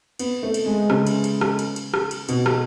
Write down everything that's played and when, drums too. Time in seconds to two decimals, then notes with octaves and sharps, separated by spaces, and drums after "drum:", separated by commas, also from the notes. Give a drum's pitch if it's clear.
0.19 B3, drum: cymbal
0.43 A3
0.54 drum: cymbal
0.66 G#3
0.90 C#3, drum: rim click
1.07 drum: cymbal
1.24 drum: cymbal
1.41 drum: rim click
1.59 drum: cymbal
1.76 drum: cymbal
1.94 drum: rim click
2.11 drum: cymbal
2.29 B2, drum: cymbal
2.46 drum: rim click